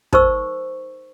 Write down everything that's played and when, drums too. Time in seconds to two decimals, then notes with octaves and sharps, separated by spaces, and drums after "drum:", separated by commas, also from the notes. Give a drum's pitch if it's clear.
0.13 D#4 A#4 C5 C#6 E6, drum: kick